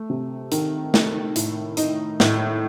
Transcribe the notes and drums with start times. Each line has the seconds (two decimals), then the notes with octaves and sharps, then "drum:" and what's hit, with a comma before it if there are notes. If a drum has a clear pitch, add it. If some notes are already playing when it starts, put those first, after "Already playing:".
Already playing: A3
0.10 C3
0.52 D#3, drum: hi-hat
0.94 A3, drum: snare
1.36 A2, drum: hi-hat
1.77 D#4, drum: hi-hat
2.20 A2, drum: snare